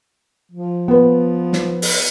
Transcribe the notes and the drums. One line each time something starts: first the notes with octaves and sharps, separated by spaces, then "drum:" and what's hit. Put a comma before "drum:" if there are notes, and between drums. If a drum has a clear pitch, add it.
F3
B3 B4
drum: snare
drum: open hi-hat